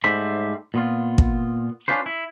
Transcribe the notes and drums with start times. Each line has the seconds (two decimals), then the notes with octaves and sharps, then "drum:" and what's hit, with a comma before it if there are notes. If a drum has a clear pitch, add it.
0.04 G#2 G3 A3 C5 E5 B5
0.74 A#2 B3 F4
1.18 drum: kick
1.88 C#4 D4 F4 B4 C5
2.06 E4